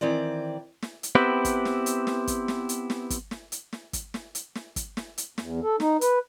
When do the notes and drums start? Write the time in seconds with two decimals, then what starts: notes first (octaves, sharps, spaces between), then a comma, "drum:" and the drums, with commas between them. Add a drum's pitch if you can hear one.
0.01 D#3 E3 C4 D5
0.82 drum: snare
1.03 drum: hi-hat
1.15 B3 C4 E4 G4 B4
1.45 drum: kick, hi-hat
1.65 drum: snare
1.86 drum: hi-hat
2.07 drum: snare
2.28 drum: kick, hi-hat
2.48 drum: snare
2.69 drum: hi-hat
2.90 drum: snare
3.10 drum: kick, hi-hat
3.31 drum: snare
3.52 drum: hi-hat
3.73 drum: snare
3.93 drum: kick, hi-hat
4.14 drum: snare
4.35 drum: hi-hat
4.55 drum: snare
4.76 drum: kick, hi-hat
4.97 drum: snare
5.18 drum: hi-hat
5.38 E2, drum: snare
5.63 A4
5.80 D#4, drum: snare
6.01 B4, drum: hi-hat